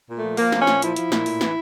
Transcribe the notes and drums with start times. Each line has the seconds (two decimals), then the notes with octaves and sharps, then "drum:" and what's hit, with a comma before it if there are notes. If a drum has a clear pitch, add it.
0.09 A#2
0.16 A3
0.23 F3
0.37 F3 A#3, drum: open hi-hat
0.52 F3, drum: snare
0.59 C#4
0.67 A#2, drum: snare
0.82 F3 E4, drum: hi-hat
0.96 F3, drum: hi-hat
1.12 A#2, drum: snare
1.26 A2, drum: open hi-hat
1.41 E3, drum: snare